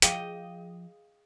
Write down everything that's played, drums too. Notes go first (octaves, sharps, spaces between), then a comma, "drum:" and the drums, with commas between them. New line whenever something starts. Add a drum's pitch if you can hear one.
F3 G#4 D#5 F5 G5, drum: hi-hat